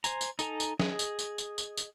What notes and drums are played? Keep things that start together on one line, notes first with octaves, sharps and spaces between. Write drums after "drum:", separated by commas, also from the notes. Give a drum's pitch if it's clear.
C5 G#5 A#5, drum: tambourine
drum: tambourine
D#4 A4 G#5 A#5, drum: tambourine
drum: tambourine
G#4 D#5, drum: snare
drum: tambourine
drum: tambourine
drum: tambourine
drum: tambourine
drum: tambourine